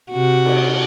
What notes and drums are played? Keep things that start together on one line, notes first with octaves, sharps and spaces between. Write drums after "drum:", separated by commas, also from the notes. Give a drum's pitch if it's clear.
C3 F#4
drum: cymbal